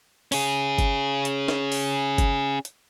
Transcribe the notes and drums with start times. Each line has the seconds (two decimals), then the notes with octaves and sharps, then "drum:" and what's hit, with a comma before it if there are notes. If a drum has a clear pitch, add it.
0.32 C#4 G#4, drum: open hi-hat
0.78 drum: kick G1, hi-hat
1.25 drum: hi-hat
1.48 drum: snare
1.72 drum: open hi-hat
2.18 drum: kick G1, hi-hat
2.65 drum: hi-hat